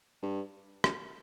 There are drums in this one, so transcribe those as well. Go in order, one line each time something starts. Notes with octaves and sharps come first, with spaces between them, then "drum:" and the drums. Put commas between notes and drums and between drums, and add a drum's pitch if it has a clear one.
G2
F#2, drum: rim click